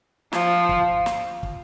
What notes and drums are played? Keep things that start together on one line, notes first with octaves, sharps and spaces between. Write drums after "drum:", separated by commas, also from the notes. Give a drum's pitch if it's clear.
F3, drum: snare
drum: kick
drum: snare
drum: kick